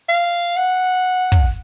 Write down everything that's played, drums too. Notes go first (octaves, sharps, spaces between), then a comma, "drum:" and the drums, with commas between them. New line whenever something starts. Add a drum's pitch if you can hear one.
F5
F#5
drum: kick